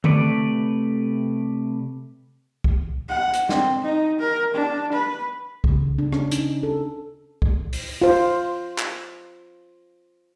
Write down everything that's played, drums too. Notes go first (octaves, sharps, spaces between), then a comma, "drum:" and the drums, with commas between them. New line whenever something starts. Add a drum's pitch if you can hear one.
C3 A3 B4 D5, drum: tom D3
drum: kick C2
F#5
drum: hi-hat
C4, drum: snare
D#4
A#4
D4
B4
C#3, drum: kick C2
D4
C#4, drum: rim click
D#4, drum: hi-hat
A4
drum: kick C2
drum: open hi-hat
F4 C5
drum: clap